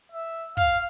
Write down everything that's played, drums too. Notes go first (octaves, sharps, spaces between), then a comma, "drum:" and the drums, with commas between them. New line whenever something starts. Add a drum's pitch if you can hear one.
E5
F5, drum: kick